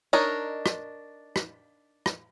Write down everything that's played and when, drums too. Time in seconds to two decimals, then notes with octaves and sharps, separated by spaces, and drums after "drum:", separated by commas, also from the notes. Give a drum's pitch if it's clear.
0.13 D4 D#4 A#4 C#5 D#5
0.66 drum: rim click
1.36 drum: rim click
2.06 drum: rim click